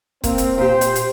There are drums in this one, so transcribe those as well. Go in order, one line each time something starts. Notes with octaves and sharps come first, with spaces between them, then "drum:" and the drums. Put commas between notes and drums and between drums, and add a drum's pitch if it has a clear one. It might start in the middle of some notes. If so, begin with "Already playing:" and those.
A#3 C4, drum: kick, hi-hat
drum: hi-hat
A#2 G4 C5
drum: hi-hat
drum: hi-hat